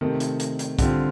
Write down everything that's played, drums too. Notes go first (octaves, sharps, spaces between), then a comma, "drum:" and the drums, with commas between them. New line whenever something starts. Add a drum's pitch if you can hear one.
C3 D#3 A3
drum: hi-hat
drum: hi-hat
drum: hi-hat
D3 G3 C4 F4, drum: kick B1, hi-hat